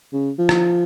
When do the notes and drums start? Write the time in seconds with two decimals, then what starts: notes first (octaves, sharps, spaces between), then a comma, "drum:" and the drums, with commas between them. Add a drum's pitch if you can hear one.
0.13 C#3
0.39 F3
0.49 drum: rim click